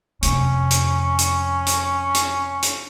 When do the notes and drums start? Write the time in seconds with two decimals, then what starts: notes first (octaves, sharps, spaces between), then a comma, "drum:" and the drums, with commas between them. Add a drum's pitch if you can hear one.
0.23 F2 C3 C#4, drum: hi-hat
0.71 drum: hi-hat
1.19 drum: hi-hat
1.67 drum: hi-hat
2.15 drum: hi-hat
2.62 drum: hi-hat